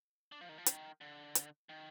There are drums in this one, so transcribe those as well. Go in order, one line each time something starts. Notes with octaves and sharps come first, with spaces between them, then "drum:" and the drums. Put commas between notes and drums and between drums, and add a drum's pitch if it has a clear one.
D4
F3
D#3
F3
D#3, drum: hi-hat
D3
drum: hi-hat
D#3